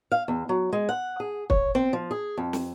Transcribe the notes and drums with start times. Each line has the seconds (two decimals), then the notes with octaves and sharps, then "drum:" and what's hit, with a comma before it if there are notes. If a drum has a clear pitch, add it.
0.12 F5
0.28 E2
0.49 F#3
0.72 G#3
0.89 F#5
1.20 G#4
1.50 C#5, drum: kick
1.75 C4
1.93 F3
2.11 G#4
2.38 F2
2.53 drum: snare